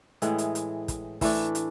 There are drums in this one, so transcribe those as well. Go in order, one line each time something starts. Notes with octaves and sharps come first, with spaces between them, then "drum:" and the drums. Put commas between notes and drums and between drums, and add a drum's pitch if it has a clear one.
A2 E3 G#3, drum: hi-hat
drum: hi-hat
drum: hi-hat
drum: kick, hi-hat
E3 A3 D4, drum: kick, open hi-hat
drum: hi-hat